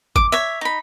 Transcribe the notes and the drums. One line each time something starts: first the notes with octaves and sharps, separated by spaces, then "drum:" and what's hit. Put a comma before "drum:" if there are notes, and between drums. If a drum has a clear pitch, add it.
D6, drum: kick
C#5 E5
D#4 B5